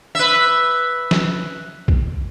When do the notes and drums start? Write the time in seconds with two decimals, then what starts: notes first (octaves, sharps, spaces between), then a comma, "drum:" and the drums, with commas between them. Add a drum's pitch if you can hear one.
0.15 B4 E5
1.11 drum: snare
1.88 drum: kick B1